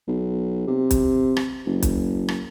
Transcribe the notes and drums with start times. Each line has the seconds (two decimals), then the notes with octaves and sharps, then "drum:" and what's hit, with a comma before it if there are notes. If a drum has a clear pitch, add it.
0.08 B1
0.68 C3
0.91 drum: kick, hi-hat
1.37 drum: rim click
1.66 F#1
1.83 drum: kick, hi-hat
2.28 drum: rim click